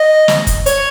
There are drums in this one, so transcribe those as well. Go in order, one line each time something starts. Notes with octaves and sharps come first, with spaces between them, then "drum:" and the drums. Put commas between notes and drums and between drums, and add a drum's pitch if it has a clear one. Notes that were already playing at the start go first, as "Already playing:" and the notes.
Already playing: D#5
drum: snare
drum: kick, hi-hat
C#5, drum: hi-hat